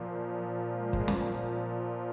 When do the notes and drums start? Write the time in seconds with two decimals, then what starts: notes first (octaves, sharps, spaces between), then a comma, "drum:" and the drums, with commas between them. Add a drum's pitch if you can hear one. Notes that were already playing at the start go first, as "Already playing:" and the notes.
Already playing: A#2 F3
0.32 F#3
0.72 G#3
0.93 drum: kick
1.08 drum: snare